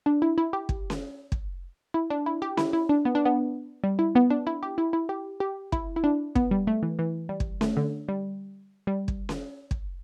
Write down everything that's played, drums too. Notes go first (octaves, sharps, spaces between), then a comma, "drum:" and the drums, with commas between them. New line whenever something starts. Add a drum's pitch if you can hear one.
D4
E4
E4
G4
drum: kick
drum: snare C#4
drum: kick
E4
D4
E4
G4
E4, drum: snare C#4
E4
D4
B3
D4
B3
G3
E4
B3
D4
E4
G4
E4
E4
G4
G4
E4, drum: kick
E4
D4
B3, drum: kick
G3
A3
E3
E3
G3
drum: kick
A3, drum: snare C#4
D3
G3
G3
drum: kick
drum: snare C#4
drum: kick